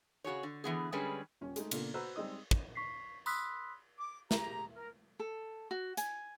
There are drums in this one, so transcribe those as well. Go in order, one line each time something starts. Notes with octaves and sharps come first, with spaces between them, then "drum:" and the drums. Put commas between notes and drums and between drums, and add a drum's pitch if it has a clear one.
C#3 F#4 G#4 C#5
D3
D3 E3 B3 G#4
D3 G3 G#3 C#4 G#4 B4
D#1 C#4
G#3 A3 D#4, drum: hi-hat
A#2 C#3 A#3 B3 D4 A4, drum: cymbal
F#4 B4 C5 F#5 A#5 E6
G3 G#3 C4 D#4 D#5 D#6
drum: kick
C#6 B6 C7
B5 C6 D#6 E6 F#6 B6, drum: tambourine
D6
G4 G#4 A#5, drum: snare
A#4
A4
F#4
G#5, drum: hi-hat